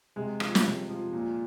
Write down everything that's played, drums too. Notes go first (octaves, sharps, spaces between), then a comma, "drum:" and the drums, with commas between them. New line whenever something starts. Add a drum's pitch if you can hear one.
C3 G#3
F3, drum: rim click
drum: snare
C3
F3
A#2